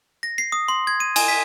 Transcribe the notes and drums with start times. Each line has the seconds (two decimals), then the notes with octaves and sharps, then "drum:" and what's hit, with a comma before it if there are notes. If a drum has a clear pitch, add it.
0.23 A#6
0.38 C7
0.52 D#6
0.68 C6
0.87 G#6
1.00 D#7
1.16 G#5, drum: cymbal
1.28 B6